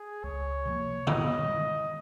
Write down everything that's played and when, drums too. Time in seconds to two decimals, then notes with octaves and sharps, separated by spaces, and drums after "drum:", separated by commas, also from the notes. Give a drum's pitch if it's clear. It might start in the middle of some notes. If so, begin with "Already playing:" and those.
Already playing: G#4
0.24 C#2 C#5
0.65 C3 F3 A#3
1.07 G2 D#5, drum: tom D3
1.47 D#3 G#3